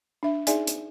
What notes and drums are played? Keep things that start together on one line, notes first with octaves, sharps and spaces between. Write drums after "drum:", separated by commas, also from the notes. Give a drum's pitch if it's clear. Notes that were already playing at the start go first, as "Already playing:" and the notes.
D4 E5
D#4 G#4 D5 E5 G#5, drum: hi-hat
drum: hi-hat